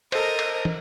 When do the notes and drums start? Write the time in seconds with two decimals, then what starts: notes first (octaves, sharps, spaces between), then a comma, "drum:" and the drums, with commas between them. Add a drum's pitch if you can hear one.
0.12 A4 A#4 C5 D#5, drum: cymbal
0.39 drum: cymbal
0.65 drum: tom